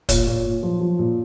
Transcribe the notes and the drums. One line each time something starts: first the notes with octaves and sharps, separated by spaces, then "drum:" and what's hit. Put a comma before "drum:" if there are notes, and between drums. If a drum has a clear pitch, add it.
A#2 C#5, drum: kick, hi-hat
A#2
A#2
F3
F3
A#2